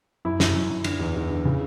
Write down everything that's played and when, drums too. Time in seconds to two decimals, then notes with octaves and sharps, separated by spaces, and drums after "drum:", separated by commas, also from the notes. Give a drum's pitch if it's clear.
0.25 F#2 E4
0.40 F#2, drum: snare
0.55 F#2
0.70 F#2
0.84 D3, drum: cymbal
0.99 E2
1.16 E2
1.30 D3
1.45 C#3